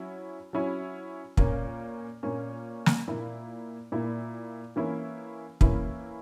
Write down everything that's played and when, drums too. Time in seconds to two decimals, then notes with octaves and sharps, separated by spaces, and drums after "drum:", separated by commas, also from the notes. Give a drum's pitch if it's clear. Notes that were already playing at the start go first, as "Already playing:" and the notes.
Already playing: F#3 C#4 E4
0.53 F#3 C#4 E4
1.37 A#2 A#3 C#4, drum: kick
2.23 A#2 A#3 C#4
2.86 drum: snare
3.08 A#2 A#3 E4
3.92 A#2 A#3 E4
4.76 E3 A#3 C#4 E4
5.61 E3 A#3 C#4 E4, drum: kick